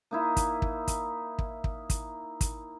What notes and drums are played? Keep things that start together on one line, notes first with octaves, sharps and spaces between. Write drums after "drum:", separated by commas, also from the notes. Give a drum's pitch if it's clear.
A#3 D#4 E4
drum: kick, hi-hat
drum: kick
drum: kick, hi-hat
drum: kick
drum: kick
drum: kick, hi-hat
drum: kick, hi-hat